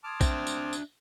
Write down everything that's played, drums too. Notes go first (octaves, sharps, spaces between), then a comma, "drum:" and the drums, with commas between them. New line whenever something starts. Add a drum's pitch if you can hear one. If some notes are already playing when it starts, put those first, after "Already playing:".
A5 C6 D6 D#6 F6 G#6
C4 D4 E5, drum: kick A#1, tambourine
drum: tambourine
drum: tambourine